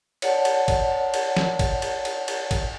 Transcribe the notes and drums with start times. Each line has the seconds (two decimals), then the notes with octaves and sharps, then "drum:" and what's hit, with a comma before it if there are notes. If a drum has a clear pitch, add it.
0.22 C#5 D5 F#5 A5, drum: cymbal
0.45 drum: cymbal
0.68 drum: kick, cymbal
1.14 drum: cymbal
1.37 drum: snare F3
1.59 drum: kick, cymbal
1.82 drum: cymbal
2.05 drum: cymbal
2.28 drum: cymbal
2.51 drum: kick, cymbal